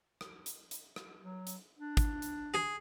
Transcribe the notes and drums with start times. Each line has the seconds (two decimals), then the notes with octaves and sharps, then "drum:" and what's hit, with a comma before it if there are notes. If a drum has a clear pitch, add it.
0.21 drum: rim click
0.46 drum: hi-hat
0.71 drum: hi-hat
0.96 drum: rim click
1.22 F#3
1.47 drum: hi-hat
1.79 D4
1.97 drum: kick, hi-hat
2.22 drum: hi-hat
2.54 G#4